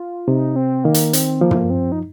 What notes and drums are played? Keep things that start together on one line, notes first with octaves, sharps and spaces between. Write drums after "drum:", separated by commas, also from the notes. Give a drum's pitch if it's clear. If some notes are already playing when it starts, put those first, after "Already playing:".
Already playing: F4
C3 D#4
C4
D#3 A#3
drum: hi-hat
C4, drum: hi-hat
F3 A#3
drum: tom
C4
D#4